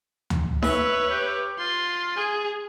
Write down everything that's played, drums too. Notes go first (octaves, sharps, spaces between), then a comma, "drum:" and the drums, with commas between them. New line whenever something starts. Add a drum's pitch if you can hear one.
drum: tom D2
B4 C#5 E5, drum: snare D#4
G4
F4 C6
G#4 G#5